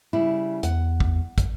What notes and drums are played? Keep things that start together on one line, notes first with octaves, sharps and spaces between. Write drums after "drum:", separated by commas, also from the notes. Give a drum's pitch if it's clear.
C#3 G3 E4
E2 F#5, drum: hi-hat
drum: kick
drum: kick, hi-hat